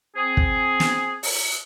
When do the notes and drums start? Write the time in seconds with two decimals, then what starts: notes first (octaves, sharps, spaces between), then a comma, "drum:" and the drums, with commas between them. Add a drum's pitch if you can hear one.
0.16 C4 G#4
0.37 drum: kick
0.80 drum: snare
1.23 drum: open hi-hat